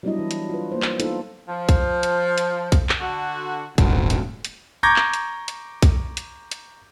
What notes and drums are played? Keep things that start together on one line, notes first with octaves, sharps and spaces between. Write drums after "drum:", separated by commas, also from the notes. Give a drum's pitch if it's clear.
F#3 G3 B3 D4 E4 D#5
E3
drum: hi-hat
F4 B4
A#3 C5
drum: clap
B3 D#4 F4 A4 C5, drum: hi-hat
F3
drum: kick B1, hi-hat
drum: hi-hat
drum: hi-hat
drum: kick B1, hi-hat
drum: clap
D3 F#4
D#1 G#1 D2, drum: kick B1, hi-hat
drum: hi-hat
drum: hi-hat
A#5 C#6 D6 G6 G#6 A#6
drum: clap
drum: hi-hat
drum: hi-hat
drum: kick B1, hi-hat
drum: hi-hat
drum: hi-hat